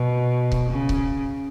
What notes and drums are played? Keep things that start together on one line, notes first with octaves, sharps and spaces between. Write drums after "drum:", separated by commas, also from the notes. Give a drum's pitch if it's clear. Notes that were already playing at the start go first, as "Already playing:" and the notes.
Already playing: B2
drum: kick C#1
C#3
drum: kick C#1